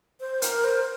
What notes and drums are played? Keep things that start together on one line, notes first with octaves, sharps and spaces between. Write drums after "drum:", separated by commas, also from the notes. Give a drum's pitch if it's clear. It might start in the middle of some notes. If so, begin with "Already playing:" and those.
C5
A#4, drum: hi-hat
C5